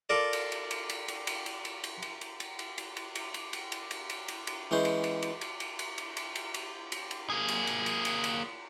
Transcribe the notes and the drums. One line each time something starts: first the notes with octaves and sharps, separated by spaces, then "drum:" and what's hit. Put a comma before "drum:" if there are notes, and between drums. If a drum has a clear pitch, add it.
F4 A4 A#4 D5
drum: cymbal
drum: cymbal
drum: cymbal
drum: cymbal
drum: cymbal
drum: cymbal
drum: cymbal
drum: cymbal
drum: cymbal
drum: cymbal
drum: cymbal
drum: cymbal
drum: cymbal
drum: cymbal
drum: cymbal
drum: cymbal
drum: cymbal
drum: cymbal
drum: cymbal
drum: cymbal
drum: cymbal
drum: cymbal
drum: cymbal
E3 G#3 C#4 C5
drum: cymbal
drum: cymbal
drum: cymbal
drum: cymbal
drum: cymbal
drum: cymbal
drum: cymbal
drum: cymbal
drum: cymbal
drum: cymbal
drum: cymbal
drum: cymbal
A#3 G#4
drum: cymbal
drum: cymbal
drum: cymbal
drum: cymbal
drum: cymbal